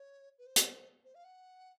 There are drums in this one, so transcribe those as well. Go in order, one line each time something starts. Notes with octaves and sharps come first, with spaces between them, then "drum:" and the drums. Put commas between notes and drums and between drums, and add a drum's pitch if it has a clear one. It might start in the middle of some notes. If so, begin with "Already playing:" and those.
Already playing: C#5
B4
C5
drum: hi-hat
C5
F5
F#5